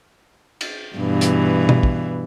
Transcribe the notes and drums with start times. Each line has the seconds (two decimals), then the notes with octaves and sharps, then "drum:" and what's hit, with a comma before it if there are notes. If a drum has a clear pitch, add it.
0.61 drum: cymbal
0.97 G2 B2 E3
1.21 drum: hi-hat
1.69 drum: tom
1.83 drum: kick